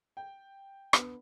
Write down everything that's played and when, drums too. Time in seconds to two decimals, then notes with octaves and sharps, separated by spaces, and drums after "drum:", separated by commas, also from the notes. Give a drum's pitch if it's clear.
0.17 G5
0.93 D3 B3 B4, drum: rim click